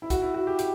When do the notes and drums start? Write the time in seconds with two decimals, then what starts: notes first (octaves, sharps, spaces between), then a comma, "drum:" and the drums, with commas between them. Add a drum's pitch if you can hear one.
0.02 E4
0.10 F#4, drum: kick, hi-hat
0.22 E4
0.34 F#4
0.47 G4
0.59 G4, drum: hi-hat